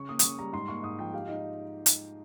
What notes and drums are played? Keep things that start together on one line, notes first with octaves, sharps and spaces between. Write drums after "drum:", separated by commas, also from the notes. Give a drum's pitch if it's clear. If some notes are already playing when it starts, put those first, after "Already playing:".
Already playing: C#3 C#6
A#3 D#6
D#6, drum: hi-hat
C#3 C#6
G3 A#5
G#2 C6
A#3 C#6
G#2 D#6
F3 G5
G4 F5
D#4 D#5
drum: hi-hat